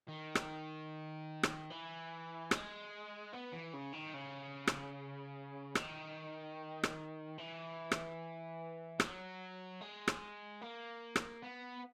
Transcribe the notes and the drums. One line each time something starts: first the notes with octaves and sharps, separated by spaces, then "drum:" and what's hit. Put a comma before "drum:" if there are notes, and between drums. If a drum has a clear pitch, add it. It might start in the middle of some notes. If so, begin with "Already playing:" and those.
D#3
drum: rim click
drum: rim click
E3
G#3, drum: rim click
B3
E3
C#3
D#3
C#3
drum: rim click
D#3, drum: rim click
drum: rim click
E3
drum: rim click
F#3, drum: rim click
G#3
drum: rim click
A#3
drum: rim click
B3